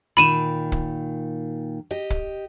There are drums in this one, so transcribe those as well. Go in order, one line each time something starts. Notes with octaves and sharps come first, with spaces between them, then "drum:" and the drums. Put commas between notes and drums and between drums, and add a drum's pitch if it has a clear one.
A#2 D#3 B5 D#7 E7
drum: kick
G4 D#5
drum: kick